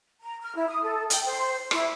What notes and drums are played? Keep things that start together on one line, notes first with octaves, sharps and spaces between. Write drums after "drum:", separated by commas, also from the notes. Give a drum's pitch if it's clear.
A#5
F6
E4
D#6
A4
G5, drum: hi-hat
C5
E4, drum: rim click